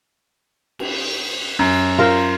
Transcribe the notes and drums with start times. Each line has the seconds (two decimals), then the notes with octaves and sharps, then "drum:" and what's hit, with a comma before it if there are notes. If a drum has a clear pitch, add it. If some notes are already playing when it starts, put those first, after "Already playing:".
0.79 drum: cymbal
1.59 F#2
1.98 F4 A#4 C5